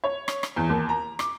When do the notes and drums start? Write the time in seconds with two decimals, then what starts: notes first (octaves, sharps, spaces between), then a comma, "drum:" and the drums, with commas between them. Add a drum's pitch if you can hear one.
0.04 C#5
0.28 drum: rim click
0.43 drum: rim click
0.56 E2
0.69 D#2
0.89 A#5
1.19 D6, drum: rim click